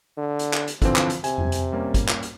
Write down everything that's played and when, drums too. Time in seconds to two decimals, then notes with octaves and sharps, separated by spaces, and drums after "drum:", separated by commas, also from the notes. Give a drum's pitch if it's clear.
0.17 D3
0.39 drum: hi-hat
0.53 drum: clap
0.67 drum: hi-hat
0.82 D3 E3 F3 C4, drum: kick, hi-hat
0.96 drum: clap
1.10 drum: hi-hat
1.24 C3 G#5, drum: hi-hat
1.38 drum: tom F2
1.52 drum: hi-hat
1.72 G3 A#3 C#4
1.94 drum: kick, hi-hat
2.08 drum: clap
2.23 drum: hi-hat